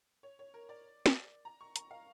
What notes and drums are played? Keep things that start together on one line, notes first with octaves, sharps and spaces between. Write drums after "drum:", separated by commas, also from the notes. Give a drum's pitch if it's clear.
C#5
C#5
A#4
D5
drum: snare
A#5
C#6
A#5, drum: hi-hat
F5